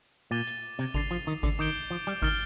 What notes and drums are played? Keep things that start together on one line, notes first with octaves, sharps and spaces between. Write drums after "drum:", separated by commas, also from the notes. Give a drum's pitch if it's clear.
A#2 D6 A6 D#7 G7
drum: hi-hat
C3, drum: hi-hat
D3 A6 C7 F7, drum: kick G#1
F3, drum: hi-hat
D#3
D3, drum: kick G#1, hi-hat
D#3 D6 G6 D7 G7
F3
G3, drum: hi-hat
D#3 F6 A6 D7 G7, drum: kick G#1